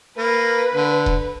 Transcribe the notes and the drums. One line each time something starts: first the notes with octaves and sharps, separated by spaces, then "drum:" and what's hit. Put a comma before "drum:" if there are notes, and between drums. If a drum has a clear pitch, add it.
A#3 B4
D3
drum: kick D#1